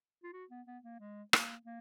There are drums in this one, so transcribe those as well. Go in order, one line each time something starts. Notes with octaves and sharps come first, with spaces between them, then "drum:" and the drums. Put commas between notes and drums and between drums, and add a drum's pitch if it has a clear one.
F4
F#4
B3
B3
A#3
G#3
A#3, drum: rim click
A#3